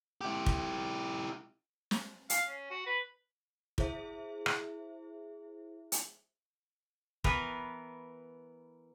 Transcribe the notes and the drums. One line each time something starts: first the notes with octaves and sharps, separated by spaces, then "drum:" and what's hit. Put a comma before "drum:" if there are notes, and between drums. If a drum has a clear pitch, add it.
E4 G4
drum: kick
drum: snare
F5, drum: hi-hat
C#4
F#4
B4
E4 G#4 C5 E5, drum: kick
drum: rim click
drum: hi-hat
E3 B3 A#4 B4, drum: kick